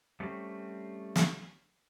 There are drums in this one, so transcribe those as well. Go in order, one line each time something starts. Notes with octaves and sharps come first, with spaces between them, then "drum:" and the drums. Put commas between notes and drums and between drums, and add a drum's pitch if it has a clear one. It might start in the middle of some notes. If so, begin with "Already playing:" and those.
G3 A3 C4 C#4
drum: snare